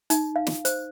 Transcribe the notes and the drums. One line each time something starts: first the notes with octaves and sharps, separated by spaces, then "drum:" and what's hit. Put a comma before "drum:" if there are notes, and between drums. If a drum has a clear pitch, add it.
D#4, drum: hi-hat
F5
drum: snare
C5, drum: hi-hat